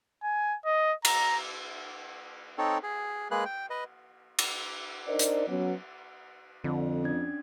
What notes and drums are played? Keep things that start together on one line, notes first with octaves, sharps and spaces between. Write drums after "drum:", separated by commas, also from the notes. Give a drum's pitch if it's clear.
G#5
D#5
A#5, drum: cymbal
C4 D#4 A4 C#5
G#4
G#3 A#3 G#4 B4 F#6
G5
B4 D#5
drum: cymbal
D4 D#4 A#4 C5 D5 D#5
drum: hi-hat
F#3 B3 C#4
F2 D3
C#4 D4 G#6